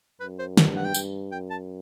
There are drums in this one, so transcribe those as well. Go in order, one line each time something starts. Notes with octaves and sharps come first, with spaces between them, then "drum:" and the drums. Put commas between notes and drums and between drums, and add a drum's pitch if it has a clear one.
F#2 B4
C5
G2, drum: snare
F#5
G5
G2, drum: tambourine
F#2 G5
A5